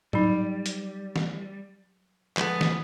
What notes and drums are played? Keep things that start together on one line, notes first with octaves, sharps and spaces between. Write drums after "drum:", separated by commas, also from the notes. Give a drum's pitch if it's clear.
F#3 G3 D#4, drum: tom G#2
drum: hi-hat
drum: snare
F3 G#3 B3 A4, drum: clap
drum: snare